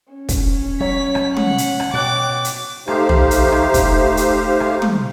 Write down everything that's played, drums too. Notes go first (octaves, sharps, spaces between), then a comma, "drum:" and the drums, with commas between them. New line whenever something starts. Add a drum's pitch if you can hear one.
C#4
drum: kick, hi-hat
F#3 C#5 B6
drum: rim click
F#5, drum: tom
drum: hi-hat
drum: rim click
B2 C#5 G5 D6 F#6 A6
drum: hi-hat
A3 D#4 G4 C5 F5, drum: rim click
drum: tom
drum: hi-hat
drum: rim click
drum: kick, hi-hat
drum: hi-hat
drum: rim click
drum: tom